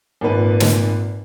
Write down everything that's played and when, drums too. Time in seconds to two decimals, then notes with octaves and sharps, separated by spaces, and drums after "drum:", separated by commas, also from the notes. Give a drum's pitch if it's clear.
0.21 G#1 A#2 B4
0.60 drum: snare